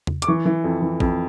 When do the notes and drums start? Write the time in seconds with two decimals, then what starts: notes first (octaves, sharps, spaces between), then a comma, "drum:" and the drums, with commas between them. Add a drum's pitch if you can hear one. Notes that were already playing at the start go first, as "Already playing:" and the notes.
0.07 drum: tom
0.22 D6, drum: hi-hat
0.27 E3 C#6
0.46 E3
0.64 F2
0.82 E3
1.00 F2, drum: kick